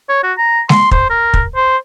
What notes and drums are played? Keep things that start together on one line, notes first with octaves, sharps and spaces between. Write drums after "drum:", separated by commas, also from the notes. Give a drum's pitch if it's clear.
C#5
F#4
A#5
C6, drum: snare G#3
C5, drum: kick
A#4
drum: kick
C5